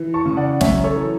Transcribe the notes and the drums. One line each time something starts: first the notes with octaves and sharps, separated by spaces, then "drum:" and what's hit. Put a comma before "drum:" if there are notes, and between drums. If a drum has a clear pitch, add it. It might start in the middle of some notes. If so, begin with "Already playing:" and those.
Already playing: E3
A5 C#6
C#3
D5 F#5
F#2 C#5 E5, drum: snare
A4 C#5
E3